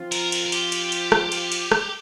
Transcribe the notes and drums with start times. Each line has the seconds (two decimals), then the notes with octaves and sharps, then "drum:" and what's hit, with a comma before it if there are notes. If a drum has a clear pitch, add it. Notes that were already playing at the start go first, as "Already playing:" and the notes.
Already playing: F3 C4 F4
0.12 A#4, drum: cymbal
0.32 drum: cymbal
0.46 A#4
0.52 G4, drum: cymbal
0.72 drum: cymbal
0.92 drum: cymbal
1.12 drum: rim click
1.32 drum: cymbal
1.52 drum: cymbal
1.72 drum: rim click